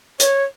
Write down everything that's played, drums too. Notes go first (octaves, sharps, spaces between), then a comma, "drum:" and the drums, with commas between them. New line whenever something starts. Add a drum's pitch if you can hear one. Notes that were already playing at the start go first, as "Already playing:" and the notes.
C#5, drum: hi-hat